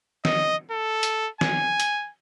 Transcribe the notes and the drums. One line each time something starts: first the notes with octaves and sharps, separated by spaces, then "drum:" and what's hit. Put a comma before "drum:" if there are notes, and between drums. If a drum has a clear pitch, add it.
D#5, drum: snare
A4
drum: hi-hat
G#5, drum: snare
drum: hi-hat